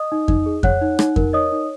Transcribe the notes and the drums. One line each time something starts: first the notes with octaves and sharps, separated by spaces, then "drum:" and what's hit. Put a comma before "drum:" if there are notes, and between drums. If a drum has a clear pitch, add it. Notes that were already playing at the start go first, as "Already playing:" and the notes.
Already playing: D#5 D#6
D#4
D#4, drum: kick F2
G#4
C#5 F#5 F#6, drum: kick F2
D#4
D#4, drum: rim click
A#4, drum: kick F2
C#5 D#5 D#6
D#4